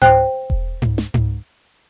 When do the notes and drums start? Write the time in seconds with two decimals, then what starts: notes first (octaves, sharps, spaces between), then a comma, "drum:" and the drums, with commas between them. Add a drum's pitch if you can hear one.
0.02 C5 G5 F#6, drum: tom G#2
0.50 drum: kick E1
0.82 drum: tom G#2
0.98 drum: snare
1.14 drum: tom G#2